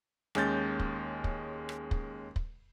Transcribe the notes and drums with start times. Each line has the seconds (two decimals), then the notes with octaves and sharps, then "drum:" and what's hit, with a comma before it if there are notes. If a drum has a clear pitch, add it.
0.35 D#2 G#3 C#4 G6 A6, drum: rim click
0.80 drum: kick
1.24 drum: kick
1.69 drum: rim click
1.91 drum: kick
2.36 drum: kick